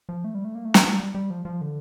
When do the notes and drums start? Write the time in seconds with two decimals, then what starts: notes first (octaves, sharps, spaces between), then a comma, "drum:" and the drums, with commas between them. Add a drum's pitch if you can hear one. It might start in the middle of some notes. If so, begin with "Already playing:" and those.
0.09 F3
0.24 A3
0.35 G3
0.45 A3
0.55 A#3
0.65 A3
0.74 G3, drum: snare
0.85 G3
1.00 G3
1.15 G3
1.30 F3
1.45 F3
1.61 D3